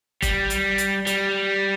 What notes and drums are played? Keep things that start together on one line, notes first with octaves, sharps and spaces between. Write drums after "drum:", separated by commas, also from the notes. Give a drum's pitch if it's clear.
G3, drum: kick F1, hi-hat
drum: hi-hat
drum: hi-hat
G3, drum: hi-hat